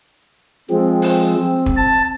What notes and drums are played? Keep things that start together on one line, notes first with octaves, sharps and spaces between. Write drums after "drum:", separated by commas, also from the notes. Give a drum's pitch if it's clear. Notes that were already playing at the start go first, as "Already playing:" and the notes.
F3 G#3 C4
drum: open hi-hat
drum: kick
A5